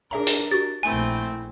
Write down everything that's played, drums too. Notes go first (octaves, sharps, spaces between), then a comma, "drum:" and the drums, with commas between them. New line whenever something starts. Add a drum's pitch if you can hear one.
D4 G#4 A#4 E5 A#5
drum: hi-hat
F#4 G4 A6
A#1 A3 C4 E4 G#5